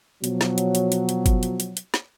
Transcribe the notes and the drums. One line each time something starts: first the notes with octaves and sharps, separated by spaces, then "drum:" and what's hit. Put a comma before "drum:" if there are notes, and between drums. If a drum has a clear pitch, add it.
B2 F3 F#3, drum: hi-hat
drum: snare
drum: hi-hat
drum: hi-hat
drum: hi-hat
drum: hi-hat
drum: kick G1, hi-hat
drum: hi-hat
drum: hi-hat
drum: hi-hat
drum: snare